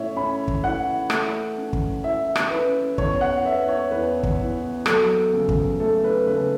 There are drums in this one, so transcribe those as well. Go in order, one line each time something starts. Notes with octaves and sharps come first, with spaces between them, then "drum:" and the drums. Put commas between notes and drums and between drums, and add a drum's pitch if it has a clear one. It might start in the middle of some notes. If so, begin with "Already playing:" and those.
Already playing: A2 C#4 C#5 E5
C#4 B5
drum: kick
E3 F#5
A3, drum: rim click
C#4
drum: kick
E3 E5
drum: rim click
C#4 B4
E2 C#5, drum: kick
F#5
B3 E5
C#5
E2 B4
drum: kick
E2
F#3 A4, drum: rim click
C#3
drum: kick
A3 A4
B4
C#3 B4